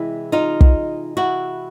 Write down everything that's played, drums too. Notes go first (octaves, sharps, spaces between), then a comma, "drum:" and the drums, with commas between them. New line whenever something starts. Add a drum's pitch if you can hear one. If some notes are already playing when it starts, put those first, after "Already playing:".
Already playing: C3 E3 G#3 E4
D#4 F4
drum: kick
E4 F#4